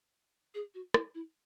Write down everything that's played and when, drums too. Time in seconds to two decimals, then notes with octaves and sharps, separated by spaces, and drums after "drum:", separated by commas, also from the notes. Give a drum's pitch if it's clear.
0.54 G#4
0.74 F#4
0.94 E4, drum: rim click
1.15 E4